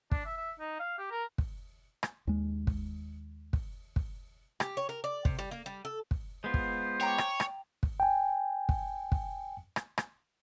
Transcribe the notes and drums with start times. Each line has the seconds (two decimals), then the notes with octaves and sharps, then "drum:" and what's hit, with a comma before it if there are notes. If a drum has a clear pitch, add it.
0.11 D4, drum: kick
0.26 E5
0.37 E5
0.60 D#4
0.80 F5
0.99 G4
1.11 A#4
1.38 drum: kick
2.03 drum: rim click
2.27 D#2 G#3
2.67 drum: kick
3.53 drum: kick
3.96 drum: kick
4.60 G4, drum: rim click
4.77 C#5
4.89 A#4
5.04 D5
5.25 C3, drum: kick
5.39 G3
5.51 A#3
5.66 G3
5.85 A4
6.11 drum: kick
6.44 G#3 B3 F4 C5
6.54 drum: kick
7.01 C#5 G5 A#5 D6
7.18 drum: rim click
7.40 drum: rim click
7.83 drum: kick
8.00 G5 G#5
8.69 drum: kick
9.12 drum: kick
9.76 drum: rim click
9.98 drum: rim click